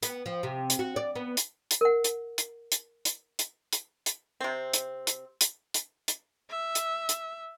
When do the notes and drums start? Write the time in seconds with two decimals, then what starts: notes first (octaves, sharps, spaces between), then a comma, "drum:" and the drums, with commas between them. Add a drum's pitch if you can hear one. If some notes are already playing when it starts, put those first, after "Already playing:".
0.03 B3, drum: hi-hat
0.26 F3
0.43 C3
0.70 drum: hi-hat
0.79 F#4
0.96 D5
1.16 B3
1.37 drum: hi-hat
1.71 drum: hi-hat
1.81 A#4 F#5
2.04 drum: hi-hat
2.38 drum: hi-hat
2.72 drum: hi-hat
3.05 drum: hi-hat
3.39 drum: hi-hat
3.73 drum: hi-hat
4.06 drum: hi-hat
4.41 C3 C4
4.73 drum: hi-hat
5.07 drum: hi-hat
5.41 drum: hi-hat
5.74 drum: hi-hat
6.08 drum: hi-hat
6.50 E5
6.75 drum: hi-hat
7.09 drum: hi-hat